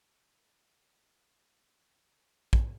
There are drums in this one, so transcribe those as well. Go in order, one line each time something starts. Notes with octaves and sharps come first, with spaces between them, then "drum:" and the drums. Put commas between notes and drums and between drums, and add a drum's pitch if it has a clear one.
G3
A5
B3
A#4
drum: kick